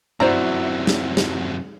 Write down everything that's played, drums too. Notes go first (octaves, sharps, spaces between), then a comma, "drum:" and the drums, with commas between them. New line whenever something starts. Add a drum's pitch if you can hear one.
F#2 C3 E4 F#4 C5 D5 A#5, drum: tom G2
drum: snare
drum: snare